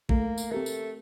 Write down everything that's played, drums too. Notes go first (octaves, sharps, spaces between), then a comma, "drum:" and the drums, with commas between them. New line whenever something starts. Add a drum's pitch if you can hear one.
A3 A#3, drum: kick
drum: tambourine
A3 C4 G4 A#4
drum: tambourine